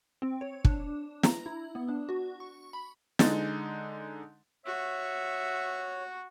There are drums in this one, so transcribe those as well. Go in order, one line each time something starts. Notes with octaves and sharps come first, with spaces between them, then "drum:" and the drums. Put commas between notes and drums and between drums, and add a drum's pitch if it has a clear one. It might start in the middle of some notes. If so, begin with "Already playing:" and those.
C4
C#5
D4, drum: kick
A#5, drum: snare
E4
B3
D4
F#4
C#6
B5
D3 G#3 D#4 A6, drum: snare
F#4 C#5 E5 C#6